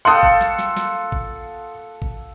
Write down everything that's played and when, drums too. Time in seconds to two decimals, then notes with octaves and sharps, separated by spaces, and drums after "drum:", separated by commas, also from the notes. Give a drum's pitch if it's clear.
0.05 A#3 F4 A4 F#5 G5 C6 D#6
0.23 drum: kick G#1
0.41 drum: snare
0.59 drum: snare
0.77 drum: snare
1.12 drum: kick G#1
2.02 drum: kick G#1